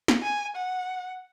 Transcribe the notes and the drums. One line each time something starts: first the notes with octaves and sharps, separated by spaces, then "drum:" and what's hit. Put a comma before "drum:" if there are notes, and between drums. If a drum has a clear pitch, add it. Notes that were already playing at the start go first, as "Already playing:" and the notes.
drum: snare
G#5
F#5